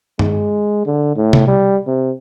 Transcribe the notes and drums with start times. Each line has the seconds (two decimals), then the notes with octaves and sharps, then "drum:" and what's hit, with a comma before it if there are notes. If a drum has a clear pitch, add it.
0.19 G#3, drum: tom G2
0.86 D3
1.16 A2
1.33 drum: tom C3
1.47 G3
1.87 C3